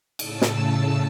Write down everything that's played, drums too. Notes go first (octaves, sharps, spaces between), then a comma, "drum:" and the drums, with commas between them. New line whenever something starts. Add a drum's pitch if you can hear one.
A2 C#3 A5 E6, drum: cymbal
drum: snare